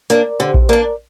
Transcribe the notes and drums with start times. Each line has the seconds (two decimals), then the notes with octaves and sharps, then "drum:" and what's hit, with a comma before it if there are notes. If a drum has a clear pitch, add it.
0.10 A#3 D4 A#4 D5, drum: hi-hat
0.40 D3 G4 C5
0.54 drum: kick A#1
0.69 A#3 D4 A#4 D5